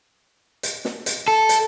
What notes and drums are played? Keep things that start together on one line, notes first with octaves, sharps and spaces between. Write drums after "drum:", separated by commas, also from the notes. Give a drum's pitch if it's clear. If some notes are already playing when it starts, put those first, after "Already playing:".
drum: hi-hat
drum: snare
drum: hi-hat
A4
drum: hi-hat